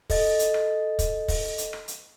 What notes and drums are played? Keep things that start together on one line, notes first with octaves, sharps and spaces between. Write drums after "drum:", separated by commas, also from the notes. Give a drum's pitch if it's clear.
A4 D#5 A6, drum: kick, open hi-hat
drum: hi-hat
drum: rim click
drum: kick, hi-hat
drum: kick, open hi-hat
drum: hi-hat
drum: rim click
drum: hi-hat